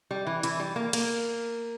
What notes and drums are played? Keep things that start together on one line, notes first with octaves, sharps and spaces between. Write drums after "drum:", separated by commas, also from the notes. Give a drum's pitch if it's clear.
G3
E3
E3, drum: hi-hat
G3
A#3
A#3, drum: cymbal